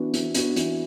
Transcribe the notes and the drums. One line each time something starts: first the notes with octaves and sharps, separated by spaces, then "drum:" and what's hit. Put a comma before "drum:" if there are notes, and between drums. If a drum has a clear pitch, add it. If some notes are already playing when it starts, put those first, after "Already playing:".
Already playing: E3 B3 D4 F#4
E3, drum: hi-hat
B3 D4 F#4, drum: hi-hat
E3, drum: hi-hat